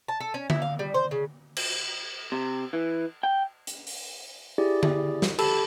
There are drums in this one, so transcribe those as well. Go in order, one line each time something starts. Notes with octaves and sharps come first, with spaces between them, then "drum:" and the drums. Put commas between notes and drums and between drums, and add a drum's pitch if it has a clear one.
A5
A4
C#4
E4, drum: tom D3
F5
G3
C5
C#3
drum: cymbal
C3
E3
G5
drum: hi-hat
drum: open hi-hat
E4 G4 G#4 D5
drum: tom D3
drum: snare
G4 A4 A5 B5 E6, drum: cymbal